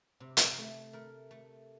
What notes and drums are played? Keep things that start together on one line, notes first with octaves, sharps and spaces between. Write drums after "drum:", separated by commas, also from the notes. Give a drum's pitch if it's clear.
C3
drum: hi-hat
A3
A3 A#4
A3